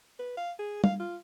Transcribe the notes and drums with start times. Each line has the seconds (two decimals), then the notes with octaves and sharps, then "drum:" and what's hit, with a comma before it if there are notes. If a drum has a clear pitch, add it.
0.19 B4
0.37 F5
0.59 G#4
0.84 F5, drum: tom G3
1.00 F4